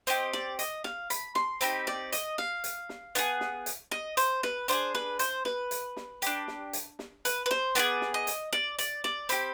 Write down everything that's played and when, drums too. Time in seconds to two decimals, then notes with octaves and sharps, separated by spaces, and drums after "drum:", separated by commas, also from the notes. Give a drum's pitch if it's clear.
0.07 C4 G4 D#5, drum: hi-hat
0.33 D5, drum: snare
0.59 D#5, drum: hi-hat
0.84 F5, drum: snare
1.10 B5, drum: hi-hat
1.35 C6, drum: snare
1.61 C4 D#4 G4 B5, drum: hi-hat
1.87 D5, drum: snare
2.12 D#5, drum: hi-hat
2.38 F5, drum: snare
2.64 drum: hi-hat
2.89 drum: snare
3.15 B3 D4 G#4, drum: hi-hat
3.41 drum: snare
3.66 drum: hi-hat
3.91 D#5, drum: snare
4.17 C5, drum: hi-hat
4.43 B4, drum: snare
4.68 D4 F4 G#4 C5, drum: hi-hat
4.95 B4, drum: snare
5.19 C5, drum: hi-hat
5.45 B4, drum: snare
5.71 drum: hi-hat
5.97 drum: snare
6.22 D4 G4, drum: hi-hat
6.48 drum: snare
6.73 drum: hi-hat
6.99 drum: snare
7.25 B4, drum: hi-hat
7.46 B4
7.51 C5, drum: snare
7.75 B3 F4 G#4 D5, drum: hi-hat
8.01 drum: snare
8.14 D#5
8.27 drum: hi-hat
8.53 D5, drum: snare
8.79 D5, drum: hi-hat
9.04 D5, drum: snare
9.29 C4 G4 B5, drum: hi-hat